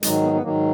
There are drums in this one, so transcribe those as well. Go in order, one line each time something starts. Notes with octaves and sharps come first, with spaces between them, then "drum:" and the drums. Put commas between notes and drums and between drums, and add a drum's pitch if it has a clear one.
G#2 D#3 F#3 G#3, drum: hi-hat
B3
B3
G#2 D#3 F#3 A#3